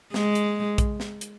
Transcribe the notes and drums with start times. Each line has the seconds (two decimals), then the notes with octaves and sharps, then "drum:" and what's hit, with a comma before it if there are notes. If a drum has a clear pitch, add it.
0.14 G#3, drum: snare
0.35 drum: hi-hat
0.78 drum: kick A#1, hi-hat
1.00 drum: snare
1.21 drum: hi-hat